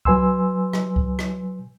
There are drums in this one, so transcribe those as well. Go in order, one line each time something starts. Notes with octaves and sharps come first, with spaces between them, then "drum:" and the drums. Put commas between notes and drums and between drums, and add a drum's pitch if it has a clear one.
F#3 B4 G#5 C6 E6, drum: kick C#2
drum: rim click
drum: kick C#2
drum: rim click